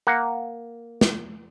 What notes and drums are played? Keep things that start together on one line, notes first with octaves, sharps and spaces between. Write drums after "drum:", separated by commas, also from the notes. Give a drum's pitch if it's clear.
A#3 F#5
drum: snare